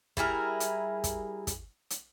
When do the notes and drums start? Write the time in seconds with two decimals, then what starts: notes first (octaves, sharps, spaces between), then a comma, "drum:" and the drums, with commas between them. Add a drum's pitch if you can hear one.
0.17 G3 E4 G#4 A#4, drum: kick
0.60 drum: hi-hat
1.04 drum: kick, hi-hat
1.47 drum: kick, hi-hat
1.90 drum: hi-hat